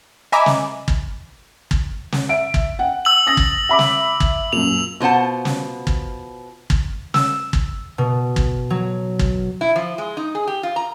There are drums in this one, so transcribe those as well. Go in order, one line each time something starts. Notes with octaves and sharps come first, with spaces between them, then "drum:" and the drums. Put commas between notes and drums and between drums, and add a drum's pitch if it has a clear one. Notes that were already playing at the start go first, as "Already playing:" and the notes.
D#5 E5 G#5 A#5 B5 D6
drum: snare
drum: kick
drum: kick
drum: snare
E5 D7
drum: kick
F#5 G5
E6 F#7
D#6 A6 A#6
drum: kick
E5 B5 D6
drum: snare
drum: kick
F#2 A#2 F7
B2 F4 C5 F#5 A5
drum: snare
drum: kick
drum: kick
E6, drum: snare
drum: kick
B2
drum: kick
F#3
drum: kick
E4
F3
G#3
D#4
G#4
G4
F4
A#5